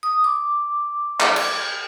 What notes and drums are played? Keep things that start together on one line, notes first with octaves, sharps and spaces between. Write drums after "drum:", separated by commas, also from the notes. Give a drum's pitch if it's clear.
D#6
D6
drum: clap
drum: cymbal